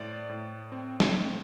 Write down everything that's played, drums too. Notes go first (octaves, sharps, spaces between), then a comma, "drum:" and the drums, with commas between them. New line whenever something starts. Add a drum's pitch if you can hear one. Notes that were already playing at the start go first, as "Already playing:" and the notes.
Already playing: A2 C5 D5
A2
C4
drum: snare
A3